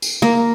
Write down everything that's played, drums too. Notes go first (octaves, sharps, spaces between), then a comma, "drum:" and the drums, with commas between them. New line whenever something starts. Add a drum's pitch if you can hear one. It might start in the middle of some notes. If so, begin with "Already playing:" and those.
drum: tambourine
A#3